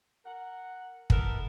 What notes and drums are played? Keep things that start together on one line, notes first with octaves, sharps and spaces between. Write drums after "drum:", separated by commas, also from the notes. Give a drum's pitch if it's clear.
A#4 F#5
B3 E4 A4 A#4, drum: kick